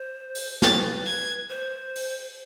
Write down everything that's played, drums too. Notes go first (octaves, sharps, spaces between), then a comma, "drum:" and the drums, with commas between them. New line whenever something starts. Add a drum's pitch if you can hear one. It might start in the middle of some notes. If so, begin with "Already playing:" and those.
Already playing: C5
drum: open hi-hat
B4 A6, drum: snare
G#6
C5
drum: open hi-hat